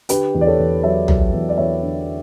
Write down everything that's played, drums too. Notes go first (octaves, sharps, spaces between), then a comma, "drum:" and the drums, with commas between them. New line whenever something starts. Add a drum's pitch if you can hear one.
D3 G4 B4, drum: hi-hat
E2
D5
A4 C#5
E2
F#3 C#5 E5
F#3, drum: tom
E2
D5
E2 C#5 E5
D3